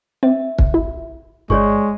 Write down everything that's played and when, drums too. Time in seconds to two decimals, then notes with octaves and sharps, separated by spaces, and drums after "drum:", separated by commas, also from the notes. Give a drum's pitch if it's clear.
0.23 C4 E5
0.59 drum: kick
0.74 E4
1.50 G1 G2 G#3 C#5 D5 C#6